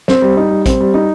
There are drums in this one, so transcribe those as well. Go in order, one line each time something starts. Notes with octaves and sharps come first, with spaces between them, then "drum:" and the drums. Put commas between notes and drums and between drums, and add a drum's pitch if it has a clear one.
C4, drum: snare
G3
D#4
G3
C4, drum: kick, hi-hat
G3
D#4